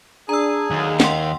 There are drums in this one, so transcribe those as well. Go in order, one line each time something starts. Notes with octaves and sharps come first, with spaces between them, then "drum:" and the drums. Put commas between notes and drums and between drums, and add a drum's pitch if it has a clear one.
D4 G#4 A#5 E6
D#2 D3 F#3
D#3 F#5 G5 C6, drum: snare